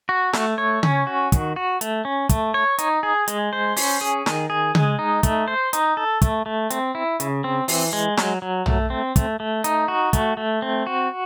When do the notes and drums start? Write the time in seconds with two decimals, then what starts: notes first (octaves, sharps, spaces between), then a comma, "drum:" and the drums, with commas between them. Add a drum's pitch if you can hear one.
0.09 F#4
0.33 A3, drum: snare
0.58 C#5
0.83 C#4, drum: tom C#3
1.07 F#4
1.32 D#3, drum: kick, hi-hat
1.56 F#4
1.81 A3, drum: hi-hat
2.05 C#4
2.29 A3, drum: kick, hi-hat
2.54 C#5
2.79 D#4, drum: hi-hat
3.03 G#4
3.28 G#3, drum: hi-hat
3.53 C5
3.76 C#4, drum: open hi-hat
4.01 G#4
4.26 D#3, drum: snare
4.50 G#4
4.75 G#3, drum: tom C#3
4.99 D#4
5.23 A3, drum: kick, hi-hat
5.48 C5
5.73 D#4, drum: hi-hat
5.97 A4
6.22 A3, drum: kick, hi-hat
6.46 A3
6.70 C4, drum: hi-hat
6.95 E4
7.20 C#3, drum: hi-hat
7.44 C4
7.68 E3, drum: open hi-hat
7.93 G#3
8.17 F#3, drum: snare
8.42 F#3
8.66 A3, drum: tom
8.90 C4
9.16 A3, drum: kick, hi-hat
9.40 A3
9.64 D#4, drum: hi-hat
9.88 F#4
10.13 A3, drum: kick, hi-hat
10.37 A3
10.62 C4
10.87 F#4